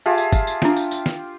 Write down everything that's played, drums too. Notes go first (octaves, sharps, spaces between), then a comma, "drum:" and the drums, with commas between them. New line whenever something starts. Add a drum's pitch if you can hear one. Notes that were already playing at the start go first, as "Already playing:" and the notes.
F4 G4 G#4 E5 A5
drum: tambourine
drum: kick, tambourine
drum: tambourine
D4 F4 G5, drum: snare
drum: tambourine
drum: tambourine
drum: snare